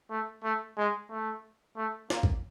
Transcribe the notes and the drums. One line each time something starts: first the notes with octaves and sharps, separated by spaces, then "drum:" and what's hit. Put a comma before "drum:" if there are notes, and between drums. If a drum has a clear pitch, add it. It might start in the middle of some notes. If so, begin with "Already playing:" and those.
A3
A3
G#3
A3
A3
A#3, drum: snare
drum: kick A1